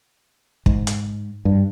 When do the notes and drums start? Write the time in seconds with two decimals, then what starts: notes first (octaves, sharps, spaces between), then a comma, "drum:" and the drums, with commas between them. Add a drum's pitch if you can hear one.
0.66 G#2, drum: kick
0.87 drum: hi-hat
1.45 G2